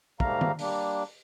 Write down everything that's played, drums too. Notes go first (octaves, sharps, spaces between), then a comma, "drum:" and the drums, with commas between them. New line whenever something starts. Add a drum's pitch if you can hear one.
G#2 G3 A3 A#3 F5 A#5, drum: kick
drum: tom D#3
G3 A#3 D4, drum: open hi-hat